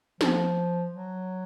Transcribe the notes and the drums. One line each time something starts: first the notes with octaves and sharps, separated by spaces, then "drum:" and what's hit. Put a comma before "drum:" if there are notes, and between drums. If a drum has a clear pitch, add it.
F3, drum: snare
F#3